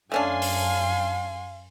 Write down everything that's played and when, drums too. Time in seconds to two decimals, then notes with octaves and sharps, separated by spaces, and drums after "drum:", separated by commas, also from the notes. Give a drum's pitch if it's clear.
0.12 F#2 A3 C#4 D4 F5 G#5 C6
0.42 drum: open hi-hat